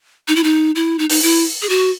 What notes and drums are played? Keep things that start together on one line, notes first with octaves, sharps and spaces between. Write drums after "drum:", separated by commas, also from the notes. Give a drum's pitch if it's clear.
D#4
E4
D#4
E4
D#4
D#4, drum: open hi-hat
E4
G#4
F#4